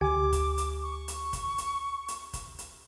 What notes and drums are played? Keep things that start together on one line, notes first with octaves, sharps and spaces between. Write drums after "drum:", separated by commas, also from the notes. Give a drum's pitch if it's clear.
D2 G4 G#5 D6
drum: kick, hi-hat
drum: hi-hat
C#6
drum: hi-hat
drum: kick, hi-hat
drum: hi-hat
drum: hi-hat
drum: kick, hi-hat
drum: hi-hat